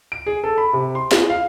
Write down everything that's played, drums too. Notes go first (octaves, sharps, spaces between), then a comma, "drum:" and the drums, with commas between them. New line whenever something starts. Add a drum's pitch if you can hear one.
D7
G#4
A4
B5
C3
C6
G#4, drum: snare
F5